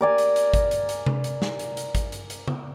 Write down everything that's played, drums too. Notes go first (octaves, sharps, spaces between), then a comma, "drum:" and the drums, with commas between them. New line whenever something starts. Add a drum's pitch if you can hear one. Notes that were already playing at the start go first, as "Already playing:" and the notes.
A#4 D5 G#5
drum: hi-hat
drum: hi-hat
drum: kick G#1, hi-hat
drum: hi-hat
drum: hi-hat
drum: tom C3
drum: hi-hat
drum: snare
drum: hi-hat
drum: hi-hat
drum: kick G#1, hi-hat
drum: hi-hat
drum: hi-hat
drum: tom C#3